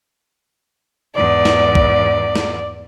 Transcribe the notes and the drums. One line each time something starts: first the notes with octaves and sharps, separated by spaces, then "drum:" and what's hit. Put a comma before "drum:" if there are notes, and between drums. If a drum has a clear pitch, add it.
E2 G#2 D5
drum: snare
drum: kick
drum: snare